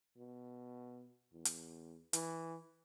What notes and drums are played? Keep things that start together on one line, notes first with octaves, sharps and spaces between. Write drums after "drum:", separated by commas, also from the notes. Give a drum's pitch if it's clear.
B2
E2
drum: hi-hat
E3, drum: hi-hat